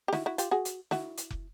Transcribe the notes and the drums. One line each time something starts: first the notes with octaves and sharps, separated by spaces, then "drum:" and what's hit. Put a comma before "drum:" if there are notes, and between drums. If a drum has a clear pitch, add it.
G4
E4 F#4, drum: snare
E4 F#4
F4 G4, drum: hi-hat
F#4 G#4
drum: hi-hat
E4 F#4, drum: snare
drum: hi-hat
drum: kick F1